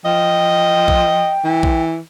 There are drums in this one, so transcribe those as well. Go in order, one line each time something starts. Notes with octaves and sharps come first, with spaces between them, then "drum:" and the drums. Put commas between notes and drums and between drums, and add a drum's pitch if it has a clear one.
F3 D#5 G5
drum: kick A#1
E3
drum: kick A#1